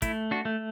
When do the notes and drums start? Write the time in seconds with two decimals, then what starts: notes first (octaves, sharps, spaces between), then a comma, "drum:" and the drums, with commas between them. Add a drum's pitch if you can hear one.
0.02 A3 E4, drum: kick, hi-hat
0.31 D4 F#4
0.45 A3